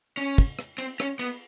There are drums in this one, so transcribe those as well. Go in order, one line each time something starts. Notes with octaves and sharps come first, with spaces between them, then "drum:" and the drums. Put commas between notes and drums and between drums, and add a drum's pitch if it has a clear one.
C#4
drum: kick, cymbal
drum: rim click
C4, drum: cymbal
C#4, drum: rim click
B3, drum: cymbal